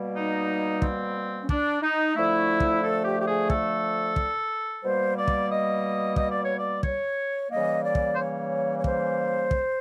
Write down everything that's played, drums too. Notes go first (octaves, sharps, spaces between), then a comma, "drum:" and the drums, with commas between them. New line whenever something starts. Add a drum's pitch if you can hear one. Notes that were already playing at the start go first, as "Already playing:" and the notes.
Already playing: B2 G3 A#3
D#4
C4, drum: kick
C#4
D4, drum: kick
D#4
D3 F3 A3 E4
drum: kick
A4
G4
G4
G#4
A4, drum: kick
drum: kick
B2 G3 A#3 C5
D5
drum: kick
D#5
D#5, drum: kick
D5
C#5
D5
C#5, drum: kick
C#3 E3 G3 A#3 D#5
D5
drum: kick
C5
C#5
C#5
C5, drum: kick
drum: kick